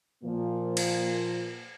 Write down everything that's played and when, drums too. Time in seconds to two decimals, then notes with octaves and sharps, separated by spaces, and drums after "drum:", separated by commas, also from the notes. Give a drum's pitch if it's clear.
0.24 A#2 F3 A#3
0.77 drum: cymbal